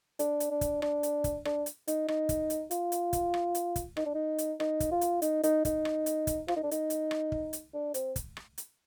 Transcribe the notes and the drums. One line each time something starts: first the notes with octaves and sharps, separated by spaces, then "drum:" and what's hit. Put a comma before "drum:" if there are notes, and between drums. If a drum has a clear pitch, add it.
D4, drum: hi-hat
drum: hi-hat
D4
drum: kick, hi-hat
D4, drum: rim click
drum: hi-hat
drum: kick, hi-hat
D4, drum: rim click
drum: hi-hat
D#4, drum: hi-hat
D#4, drum: rim click
drum: kick, hi-hat
drum: hi-hat
F4, drum: hi-hat
drum: hi-hat
drum: kick, hi-hat
drum: rim click
drum: hi-hat
drum: kick, hi-hat
D#4, drum: rim click
D4
D#4
drum: hi-hat
D#4, drum: rim click
drum: kick, hi-hat
F4
drum: hi-hat
D#4, drum: hi-hat
D#4, drum: hi-hat
D#4, drum: kick, hi-hat
drum: rim click
drum: hi-hat
drum: kick, hi-hat
F4, drum: rim click
D#4
D4
D#4, drum: hi-hat
drum: hi-hat
drum: rim click
drum: kick
drum: hi-hat
D4
C4, drum: hi-hat
drum: kick, hi-hat
drum: rim click
drum: hi-hat